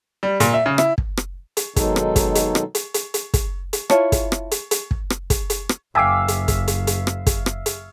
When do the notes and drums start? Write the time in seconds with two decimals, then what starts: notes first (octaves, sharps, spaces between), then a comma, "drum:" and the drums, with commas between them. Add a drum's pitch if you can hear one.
0.23 G3
0.40 A#2, drum: hi-hat
0.54 E5
0.66 C#3
0.78 E4, drum: rim click
0.98 drum: kick
1.17 drum: rim click
1.57 drum: hi-hat
1.76 B2 D#3 F#3 G#3 D#4 A4, drum: kick, hi-hat
1.96 drum: rim click
2.16 drum: kick, hi-hat
2.35 drum: hi-hat
2.55 drum: rim click
2.75 drum: hi-hat
2.94 drum: hi-hat
3.14 drum: hi-hat
3.34 drum: kick, hi-hat
3.73 drum: hi-hat
3.90 E4 F4 C#5 A5, drum: rim click
4.12 drum: kick, hi-hat
4.32 drum: rim click
4.51 drum: hi-hat
4.71 drum: hi-hat
4.91 drum: kick
5.10 drum: rim click
5.30 drum: kick, hi-hat
5.50 drum: hi-hat
5.69 drum: rim click
5.95 F#1 E5 F5 G5 G#5 D6
6.28 drum: hi-hat
6.48 drum: kick, hi-hat
6.68 drum: hi-hat
6.87 drum: hi-hat
7.07 drum: rim click
7.26 drum: kick, hi-hat
7.46 drum: rim click
7.66 drum: hi-hat